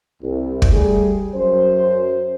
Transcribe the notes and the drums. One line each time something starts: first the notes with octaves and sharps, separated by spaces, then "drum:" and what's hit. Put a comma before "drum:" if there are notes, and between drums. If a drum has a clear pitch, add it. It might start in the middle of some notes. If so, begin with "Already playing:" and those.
C2
drum: kick
G3 A3 G#4
F#2 C5